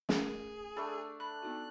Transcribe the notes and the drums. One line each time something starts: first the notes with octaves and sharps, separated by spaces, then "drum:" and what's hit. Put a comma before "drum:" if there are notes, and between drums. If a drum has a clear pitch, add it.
A3 C#4 G#4 A#4, drum: snare
A3 D4 A4 B5
B5 F#6
B3 D#4 F#4